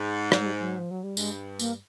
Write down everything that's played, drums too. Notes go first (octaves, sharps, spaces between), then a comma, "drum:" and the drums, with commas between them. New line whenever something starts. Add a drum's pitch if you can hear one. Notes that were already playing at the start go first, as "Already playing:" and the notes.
Already playing: G#2
F#3, drum: rim click
G#3
G3
F#3
F3
F#3
G3
G2 G#3, drum: tambourine
A#3, drum: tambourine